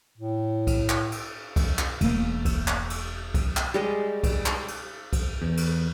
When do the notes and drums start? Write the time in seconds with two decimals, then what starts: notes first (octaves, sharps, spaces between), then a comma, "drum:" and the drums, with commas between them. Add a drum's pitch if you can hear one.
0.18 A2
0.67 drum: kick B1, cymbal
0.89 drum: clap
1.12 drum: cymbal
1.56 drum: kick B1, cymbal
1.78 drum: clap
2.01 E1 A3 A#3, drum: cymbal
2.45 drum: kick B1, cymbal
2.68 drum: clap
2.90 drum: cymbal
3.34 drum: kick B1, cymbal
3.57 drum: clap
3.74 G3 G#3 D#5
4.24 drum: kick B1, cymbal
4.46 drum: clap
4.68 drum: cymbal
5.13 drum: kick B1, cymbal
5.42 E2
5.57 drum: cymbal